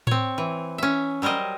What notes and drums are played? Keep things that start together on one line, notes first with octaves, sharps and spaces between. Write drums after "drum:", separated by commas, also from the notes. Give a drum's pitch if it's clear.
C4 C#5, drum: tom A2
E3
C#4 E5
F#3 G3 A#4 C5 D#5